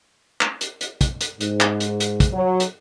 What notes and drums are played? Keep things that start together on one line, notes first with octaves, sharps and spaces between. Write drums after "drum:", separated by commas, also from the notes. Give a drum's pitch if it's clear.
drum: clap
drum: hi-hat
drum: hi-hat
drum: kick, hi-hat
drum: hi-hat
G#2, drum: hi-hat
drum: clap
drum: hi-hat
drum: hi-hat
drum: kick, hi-hat
F#3
drum: hi-hat